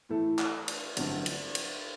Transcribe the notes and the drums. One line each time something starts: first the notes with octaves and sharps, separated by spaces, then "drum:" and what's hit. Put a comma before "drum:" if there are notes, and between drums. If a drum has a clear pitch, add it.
A2 E3 A3 E4 A4
drum: clap
drum: cymbal
A1 G2 D3 F#3 C4, drum: cymbal
drum: cymbal
drum: cymbal